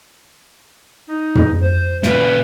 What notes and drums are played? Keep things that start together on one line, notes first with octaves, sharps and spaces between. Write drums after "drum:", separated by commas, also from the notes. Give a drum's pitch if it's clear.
D#4
drum: tom
C5
A#2 C#3 B4, drum: snare